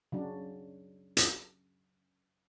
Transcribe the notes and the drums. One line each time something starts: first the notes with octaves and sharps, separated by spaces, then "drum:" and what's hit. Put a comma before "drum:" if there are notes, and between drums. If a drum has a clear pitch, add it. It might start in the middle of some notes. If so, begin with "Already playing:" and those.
C#3 F#3 D4
drum: hi-hat